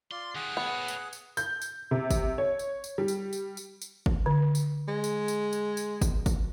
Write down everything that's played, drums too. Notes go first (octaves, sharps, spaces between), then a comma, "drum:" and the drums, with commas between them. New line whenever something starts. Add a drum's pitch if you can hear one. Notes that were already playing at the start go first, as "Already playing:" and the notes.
F4 D5 C6
D#3 G3 G#4 F#5
B3 E4 C#5
drum: tambourine
drum: tambourine
G6, drum: tambourine
drum: tambourine
C3
drum: kick G1, tambourine
C#5
drum: tambourine
drum: tambourine
G3
drum: tambourine
drum: tambourine
drum: tambourine
drum: tambourine
drum: kick G1
D3
drum: tambourine
G#3
drum: tambourine
drum: tambourine
drum: tambourine
drum: tambourine
drum: kick G1, tambourine
drum: kick G1, tambourine